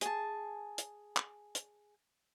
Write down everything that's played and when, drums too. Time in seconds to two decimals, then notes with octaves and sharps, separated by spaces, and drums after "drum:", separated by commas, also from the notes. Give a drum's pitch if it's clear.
0.01 G#4 A5, drum: hi-hat
0.78 drum: hi-hat
1.17 drum: clap
1.55 drum: hi-hat